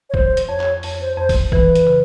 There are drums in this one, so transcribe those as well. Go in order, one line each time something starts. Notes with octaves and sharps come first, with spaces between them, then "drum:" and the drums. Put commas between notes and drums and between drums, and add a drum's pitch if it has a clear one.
C#5
F3 C5, drum: kick
drum: hi-hat
F2 C#5
drum: clap
F2 C#5, drum: open hi-hat
C5
F2 C5
drum: kick, open hi-hat
E3 B4, drum: kick
drum: hi-hat
C#3